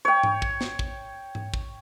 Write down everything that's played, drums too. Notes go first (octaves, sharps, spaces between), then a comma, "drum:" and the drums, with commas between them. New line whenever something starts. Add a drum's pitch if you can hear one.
C#5 G5
drum: tom G#2
drum: kick
drum: snare
drum: kick
drum: tom G#2
drum: kick